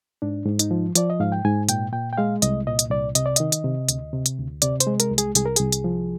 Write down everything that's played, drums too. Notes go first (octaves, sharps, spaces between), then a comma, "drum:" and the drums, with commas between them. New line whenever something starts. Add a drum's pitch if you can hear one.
G#2 D4
G#2
D#4, drum: hi-hat
F3
F3 D5, drum: hi-hat
D#5
G#2 F5
G5
G#2 G#5
A#2 G5, drum: hi-hat
A#2 G5
G5
G#3 F5
C2 D#5, drum: hi-hat
A#2 D#5
drum: hi-hat
C2 D5
C3 D#5, drum: hi-hat
D5
D#3 D#5, drum: hi-hat
drum: hi-hat
C3
D2, drum: hi-hat
C3
drum: hi-hat
D2
C3 D5, drum: hi-hat
C5, drum: hi-hat
G#3
A#4, drum: hi-hat
C2
G#4, drum: hi-hat
C2 G#4, drum: hi-hat
A#4
C2 G#4, drum: hi-hat
drum: hi-hat
F3